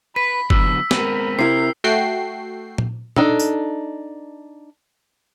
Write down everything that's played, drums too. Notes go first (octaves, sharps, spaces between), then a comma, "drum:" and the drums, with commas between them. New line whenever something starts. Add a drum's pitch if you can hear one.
B4 B5 B6
D3 F#3 B3 E6, drum: kick F#1
G#3 B3 C4 A#4 B5, drum: snare
C3 E4 A#4 G5 C7
A3 F#4 G5 C7
drum: tom A#2
D4 D#4 A4, drum: tom B2
drum: tambourine